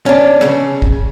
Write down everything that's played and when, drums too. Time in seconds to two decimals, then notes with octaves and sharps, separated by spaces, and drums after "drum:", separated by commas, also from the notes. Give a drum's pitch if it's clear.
0.06 C#4 D4
0.41 C#3, drum: rim click
0.82 drum: kick